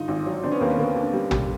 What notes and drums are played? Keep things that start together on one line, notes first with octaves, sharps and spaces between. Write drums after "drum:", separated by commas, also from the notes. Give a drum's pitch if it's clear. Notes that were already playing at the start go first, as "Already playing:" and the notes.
Already playing: G2 D3 D#4 F4
G#1
F#3
D3 C4 D4
B3 C#4
D#2 A#3 C4
B3
D3 A#3
D3
G3
G3, drum: tom